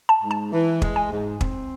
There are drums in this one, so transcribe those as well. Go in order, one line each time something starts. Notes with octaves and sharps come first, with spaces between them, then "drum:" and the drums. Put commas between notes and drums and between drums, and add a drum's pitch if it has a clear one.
A5
G#2
A5
E3
G#3, drum: kick
G#5
G#2
C4, drum: kick